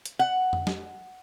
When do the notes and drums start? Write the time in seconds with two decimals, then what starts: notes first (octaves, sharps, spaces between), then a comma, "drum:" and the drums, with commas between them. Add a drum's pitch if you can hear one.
0.06 drum: hi-hat
0.19 F#5
0.53 drum: tom F2
0.67 drum: snare